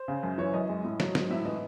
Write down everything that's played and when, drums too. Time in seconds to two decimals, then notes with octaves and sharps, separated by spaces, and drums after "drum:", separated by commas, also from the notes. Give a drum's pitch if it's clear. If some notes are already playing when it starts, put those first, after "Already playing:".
Already playing: C5
0.08 C#3
0.23 F#2
0.38 E3 C#5
0.54 F#2 D#5
0.69 G#3
0.84 A2
1.00 F#3, drum: snare
1.15 G#2, drum: snare
1.30 A2 E5
1.45 E3 D#5